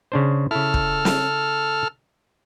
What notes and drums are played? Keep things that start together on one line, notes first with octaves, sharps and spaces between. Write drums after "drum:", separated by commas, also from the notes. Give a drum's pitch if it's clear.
C#3 D4 C5
C#3 E4 A4 F6
drum: kick
drum: snare